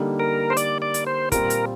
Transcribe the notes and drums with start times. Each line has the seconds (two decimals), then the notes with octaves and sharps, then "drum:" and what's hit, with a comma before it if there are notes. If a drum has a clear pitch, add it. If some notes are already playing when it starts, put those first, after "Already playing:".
Already playing: D3 G3 A#3 D#4 A4
0.20 A#4
0.50 C5
0.57 D5, drum: hi-hat
0.82 D5
0.94 drum: hi-hat
1.07 C5
1.32 A#2 G3 C4 F4 A#4, drum: kick, hi-hat
1.50 drum: hi-hat